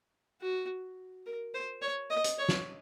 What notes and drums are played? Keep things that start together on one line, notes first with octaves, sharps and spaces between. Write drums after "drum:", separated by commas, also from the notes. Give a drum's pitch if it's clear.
F#4
A#4
C5
C#5
D#5
drum: hi-hat
C#5
drum: snare